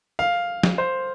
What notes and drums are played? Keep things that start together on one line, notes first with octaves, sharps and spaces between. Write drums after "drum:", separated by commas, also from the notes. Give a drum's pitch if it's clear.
F5
drum: snare
C5